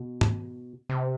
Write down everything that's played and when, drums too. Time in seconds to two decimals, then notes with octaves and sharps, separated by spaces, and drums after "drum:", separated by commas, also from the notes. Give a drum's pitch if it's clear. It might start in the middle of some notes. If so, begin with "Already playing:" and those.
Already playing: B2
0.21 drum: tom
0.89 C3